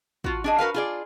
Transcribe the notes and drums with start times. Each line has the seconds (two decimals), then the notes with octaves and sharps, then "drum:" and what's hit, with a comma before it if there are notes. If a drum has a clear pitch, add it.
0.24 F4 F#4, drum: kick
0.44 D4 G#4 D#5
0.58 F#4 A#4 B4 F5
0.74 F4 G#4 D5